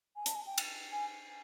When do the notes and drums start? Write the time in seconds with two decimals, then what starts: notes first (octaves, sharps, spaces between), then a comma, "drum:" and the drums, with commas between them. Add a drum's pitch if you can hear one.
0.16 G#5
0.26 A5, drum: hi-hat
0.35 G#5
0.46 G5
0.58 drum: cymbal
0.92 G#5